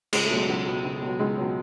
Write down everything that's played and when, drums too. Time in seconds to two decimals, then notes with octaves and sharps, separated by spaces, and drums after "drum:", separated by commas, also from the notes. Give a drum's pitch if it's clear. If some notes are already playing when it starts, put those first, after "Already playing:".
0.13 C#2 G#3, drum: cymbal
0.25 A3
0.30 B2 F#3
0.37 G#3
0.49 C#2 F#3
0.66 B2 F#3
0.84 C#2
1.02 B2 F#3
1.19 C#2 G#3
1.38 B2 F#3